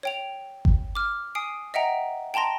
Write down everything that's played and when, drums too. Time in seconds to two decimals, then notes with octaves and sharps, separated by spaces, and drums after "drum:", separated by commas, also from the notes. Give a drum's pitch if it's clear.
0.03 C#5 G5 F7
0.65 drum: kick G1
0.95 D6 F6
1.35 G#5 D#6 C7 D7
1.74 D#5 E5 F#5 G5 A#5
2.34 G5 A5 A#5 C6 A#6